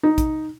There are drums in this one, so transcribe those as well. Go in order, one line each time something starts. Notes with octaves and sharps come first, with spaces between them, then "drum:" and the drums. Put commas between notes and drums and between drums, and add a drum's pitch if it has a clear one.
D#4
drum: kick, hi-hat